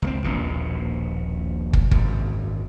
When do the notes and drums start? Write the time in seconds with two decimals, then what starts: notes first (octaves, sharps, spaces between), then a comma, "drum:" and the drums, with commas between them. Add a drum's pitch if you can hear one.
0.02 C#2 G#3 C4
0.24 D#1 A#1 B2
1.73 drum: kick
1.91 G#1 F#2, drum: kick